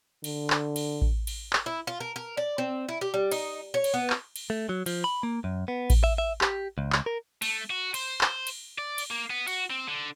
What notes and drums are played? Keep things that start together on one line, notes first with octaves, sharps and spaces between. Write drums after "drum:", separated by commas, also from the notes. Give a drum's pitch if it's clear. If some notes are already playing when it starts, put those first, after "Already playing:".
D3, drum: cymbal
drum: clap
drum: cymbal
drum: kick A1
drum: cymbal
drum: clap
E4
F4
A#4
A#4
D5
C4
E4
G4
G3
D#4, drum: cymbal
C#5
drum: cymbal
B3
drum: clap
drum: cymbal
A3
F#3
F3, drum: cymbal
B5
A#3
F#2
B3
drum: kick A1, cymbal
E5
E5
G4, drum: clap
C#2
drum: clap
A#4
A3, drum: cymbal
F#4
C5, drum: cymbal
drum: clap
drum: cymbal
D5
drum: cymbal
A#3
B3
F#4, drum: cymbal
C4
D3